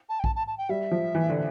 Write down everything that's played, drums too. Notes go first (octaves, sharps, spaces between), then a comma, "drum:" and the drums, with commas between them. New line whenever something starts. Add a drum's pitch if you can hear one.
A5
G5
A5, drum: kick A#1
A5
A5
G5
G3 E5
F3
E3
D3